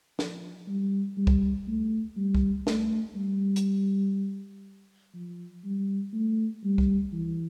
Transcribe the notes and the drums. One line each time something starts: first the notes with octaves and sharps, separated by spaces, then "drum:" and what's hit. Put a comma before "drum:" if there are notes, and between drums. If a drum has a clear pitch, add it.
F3, drum: snare
G3
G3
drum: kick C2
A3
G3
drum: kick C2
A3, drum: snare
G3
drum: hi-hat
F3
G3
A3
G3
drum: kick C2
E3